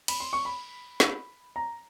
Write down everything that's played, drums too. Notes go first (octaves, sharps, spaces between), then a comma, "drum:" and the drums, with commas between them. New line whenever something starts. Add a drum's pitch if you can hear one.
B5, drum: cymbal
C6
C#6
B5
drum: snare
A#5